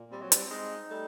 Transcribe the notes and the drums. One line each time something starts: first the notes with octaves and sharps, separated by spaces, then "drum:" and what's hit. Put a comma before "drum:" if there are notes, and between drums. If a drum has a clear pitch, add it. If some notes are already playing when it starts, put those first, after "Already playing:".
Already playing: A#2
G3 C4
F#3
G3, drum: hi-hat
G#3 D#4
G3 A3